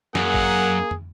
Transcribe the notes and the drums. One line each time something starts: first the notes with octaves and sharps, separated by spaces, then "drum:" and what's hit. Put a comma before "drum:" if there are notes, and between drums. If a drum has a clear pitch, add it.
F#2 A#3 G#4 F#5, drum: snare
drum: kick
drum: tom